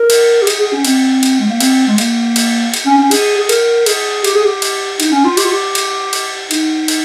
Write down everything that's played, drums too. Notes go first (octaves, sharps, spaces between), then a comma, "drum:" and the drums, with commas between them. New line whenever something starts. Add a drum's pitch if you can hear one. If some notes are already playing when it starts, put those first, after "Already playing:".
Already playing: A#4
drum: cymbal
G4
G#4, drum: cymbal
G#4
C#4
C4, drum: cymbal
drum: cymbal
G#3
A#3
C4, drum: cymbal
G#3
A#3, drum: cymbal
drum: cymbal
drum: cymbal
C#4
C#4
G#4, drum: cymbal
G#4
A#4, drum: cymbal
G#4, drum: cymbal
G4, drum: cymbal
G#4
G4
drum: cymbal
D#4, drum: cymbal
C#4
F4
G4, drum: cymbal
F4
G4
drum: cymbal
drum: cymbal
D#4, drum: cymbal
drum: cymbal